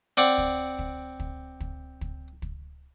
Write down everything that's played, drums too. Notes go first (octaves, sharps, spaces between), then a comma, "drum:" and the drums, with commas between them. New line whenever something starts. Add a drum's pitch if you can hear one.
C4 D5 F#5
drum: kick
drum: kick
drum: kick
drum: kick
drum: kick
drum: kick